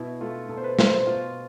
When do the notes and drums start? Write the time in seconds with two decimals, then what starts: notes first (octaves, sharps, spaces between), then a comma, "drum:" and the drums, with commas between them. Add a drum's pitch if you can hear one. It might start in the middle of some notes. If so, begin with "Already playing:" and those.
Already playing: B2 E4
0.21 A3 F4
0.49 B2 A4
0.57 C5
0.64 B4
0.79 A3 C5, drum: snare
0.88 B4
0.93 C5
1.07 B2 F4